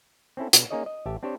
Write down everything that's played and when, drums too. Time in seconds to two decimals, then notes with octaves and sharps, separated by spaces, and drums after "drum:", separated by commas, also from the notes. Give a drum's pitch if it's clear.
0.37 C4 C#4 E4 A4
0.53 B2, drum: hi-hat
0.70 A#3 C#4 D#4 G#4 C#5 D#5
0.86 D#5
1.06 A1 G4 E5 A5
1.23 C4 D4 G4 C5 C#5